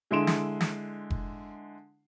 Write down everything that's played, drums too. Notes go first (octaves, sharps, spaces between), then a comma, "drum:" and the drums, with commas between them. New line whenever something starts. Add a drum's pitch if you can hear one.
D3 G#3 E4 C6 D7 E7
drum: snare
drum: snare
drum: kick F1